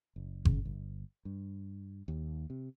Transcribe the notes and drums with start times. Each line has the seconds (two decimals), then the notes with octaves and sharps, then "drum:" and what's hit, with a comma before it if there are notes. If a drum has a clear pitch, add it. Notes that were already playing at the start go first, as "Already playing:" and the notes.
0.16 F#1
0.45 C#3, drum: kick G1
0.65 G1
1.25 G2
2.08 D#2
2.50 C3